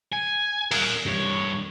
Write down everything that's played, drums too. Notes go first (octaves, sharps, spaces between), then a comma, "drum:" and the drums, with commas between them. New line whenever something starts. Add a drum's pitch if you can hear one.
G#5
A#4 F#5, drum: open hi-hat
G2 C#5